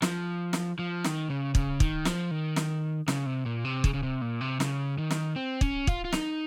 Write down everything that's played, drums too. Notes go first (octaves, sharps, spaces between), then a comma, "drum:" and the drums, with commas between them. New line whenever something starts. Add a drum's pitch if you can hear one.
F3, drum: snare
drum: snare
F3
D#3, drum: snare
C#3
C#3, drum: kick
D#3, drum: kick
F3, drum: snare
D#3
drum: snare
C#3, drum: snare
C3
A#2
C3
C#3, drum: kick
C#3
C3
A#2
C3
C#3, drum: snare
D#3
drum: snare
C4
C#4, drum: kick
F4, drum: kick
F4
D#4, drum: snare